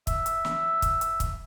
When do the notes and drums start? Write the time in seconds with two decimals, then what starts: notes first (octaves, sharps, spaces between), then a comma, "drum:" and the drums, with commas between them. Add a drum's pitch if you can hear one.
0.07 E5, drum: kick, hi-hat
0.26 drum: hi-hat
0.45 drum: snare
0.82 drum: kick, hi-hat
1.01 drum: hi-hat
1.20 drum: kick, hi-hat